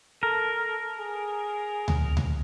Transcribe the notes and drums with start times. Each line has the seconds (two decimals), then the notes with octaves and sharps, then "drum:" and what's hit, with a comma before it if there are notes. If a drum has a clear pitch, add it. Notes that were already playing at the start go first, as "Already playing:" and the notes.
0.23 A4 A#4
0.99 G#4
1.88 drum: tom D2
2.17 drum: tom D2